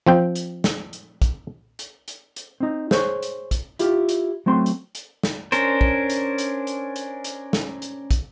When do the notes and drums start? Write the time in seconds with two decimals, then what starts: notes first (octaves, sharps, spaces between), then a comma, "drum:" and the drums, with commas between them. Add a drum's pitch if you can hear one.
0.07 F3 C4 G5
0.35 drum: hi-hat
0.64 drum: snare
0.93 drum: hi-hat
1.22 drum: kick, hi-hat
1.79 drum: hi-hat
2.08 drum: hi-hat
2.36 drum: hi-hat
2.60 C4 D#4
2.91 G#4 C5 C#5, drum: snare
3.23 drum: hi-hat
3.51 drum: kick, hi-hat
3.79 E4 F4 G4, drum: hi-hat
4.09 drum: hi-hat
4.46 F#3 A3 C4 C6
4.66 drum: hi-hat
4.95 drum: hi-hat
5.23 drum: snare
5.52 C#4 D4 A#4 C5, drum: hi-hat
5.81 drum: kick
6.10 drum: hi-hat
6.38 drum: hi-hat
6.67 drum: hi-hat
6.96 drum: hi-hat
7.24 drum: hi-hat
7.53 drum: snare
7.82 drum: hi-hat
8.11 drum: kick, hi-hat